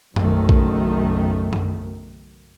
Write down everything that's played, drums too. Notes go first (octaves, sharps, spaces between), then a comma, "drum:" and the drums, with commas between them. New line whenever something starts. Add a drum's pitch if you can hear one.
F#1 B1 F#2 D#3 A3, drum: tom F#2
drum: kick A#1
drum: tom F#2